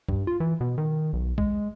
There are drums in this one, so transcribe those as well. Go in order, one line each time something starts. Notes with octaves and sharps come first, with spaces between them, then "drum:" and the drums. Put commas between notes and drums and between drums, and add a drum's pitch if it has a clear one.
G2, drum: kick
F4
E3
B2
D#3
B1
G#3, drum: kick